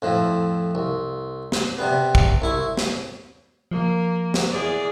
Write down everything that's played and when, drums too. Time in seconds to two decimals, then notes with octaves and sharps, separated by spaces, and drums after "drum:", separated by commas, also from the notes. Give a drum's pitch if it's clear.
0.02 F2 A2 F3
0.75 C2
1.52 drum: snare
1.78 C3 G3 B3
2.15 drum: kick
2.42 C2 E4 C#6
2.77 drum: snare
3.71 F3 A#3
4.34 drum: snare
4.50 E2 G#4 D5